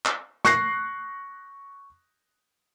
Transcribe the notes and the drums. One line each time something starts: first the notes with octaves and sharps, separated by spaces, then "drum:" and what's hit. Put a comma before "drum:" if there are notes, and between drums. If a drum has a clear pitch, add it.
drum: clap
C#6 F#6 A#6 C7, drum: snare